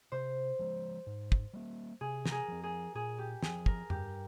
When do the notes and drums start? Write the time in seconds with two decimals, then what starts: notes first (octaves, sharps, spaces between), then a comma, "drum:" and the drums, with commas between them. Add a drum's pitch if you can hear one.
0.12 C3 C5
0.59 F3 G#3
1.06 G#2
1.32 drum: kick
1.53 G3 A#3
2.01 C3 G#4
2.26 A#4, drum: snare
2.32 G#4
2.48 F3 C4
2.64 G#4
2.95 A#2 G#4
3.18 G4
3.43 F3 G#3 C4 G#4, drum: snare
3.66 A#4, drum: kick
3.90 G2 G4, drum: tom F2